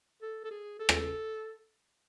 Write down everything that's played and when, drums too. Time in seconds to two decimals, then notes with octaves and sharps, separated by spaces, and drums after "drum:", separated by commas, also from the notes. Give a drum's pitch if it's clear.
0.22 A4
0.44 A4
0.50 G#4
0.79 A4
0.89 drum: rim click